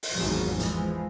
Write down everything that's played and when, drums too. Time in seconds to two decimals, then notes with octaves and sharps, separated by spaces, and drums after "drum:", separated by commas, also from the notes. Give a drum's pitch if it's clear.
0.03 drum: open hi-hat
0.12 G#1 E2 G#2 F3 F#3
0.60 E3 F3 G#3, drum: hi-hat